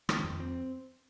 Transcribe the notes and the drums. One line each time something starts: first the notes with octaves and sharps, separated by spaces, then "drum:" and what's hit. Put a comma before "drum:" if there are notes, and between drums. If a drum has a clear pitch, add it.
D#3, drum: rim click
F2
C4